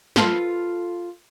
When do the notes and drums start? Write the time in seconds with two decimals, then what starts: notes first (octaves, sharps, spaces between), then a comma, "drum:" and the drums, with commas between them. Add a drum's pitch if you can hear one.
0.16 F4 A4 B4, drum: snare